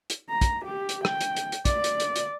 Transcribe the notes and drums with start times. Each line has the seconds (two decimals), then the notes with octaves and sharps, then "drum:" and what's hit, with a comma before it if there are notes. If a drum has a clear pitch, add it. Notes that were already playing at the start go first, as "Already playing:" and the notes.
0.10 drum: hi-hat
0.30 A#5
0.41 drum: kick, hi-hat
0.65 G4
0.89 drum: hi-hat
1.05 G5, drum: rim click
1.21 drum: hi-hat
1.36 drum: hi-hat
1.52 drum: hi-hat
1.65 D5, drum: kick, hi-hat
1.84 drum: hi-hat
2.00 drum: hi-hat
2.16 drum: hi-hat